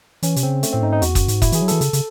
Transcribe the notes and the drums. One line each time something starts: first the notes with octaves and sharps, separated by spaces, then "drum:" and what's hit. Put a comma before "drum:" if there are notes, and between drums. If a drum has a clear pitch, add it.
E3 C#4, drum: hi-hat
C3, drum: hi-hat
C#3 C4
A3, drum: hi-hat
A2 C4
G#2 D#4
D#4
E2 F#4, drum: hi-hat
F#2, drum: kick, hi-hat
G#2, drum: hi-hat
A2 E4, drum: kick, hi-hat
E3 G#4, drum: hi-hat
F#3
E3 A4, drum: hi-hat
C#3, drum: hi-hat
C#3, drum: hi-hat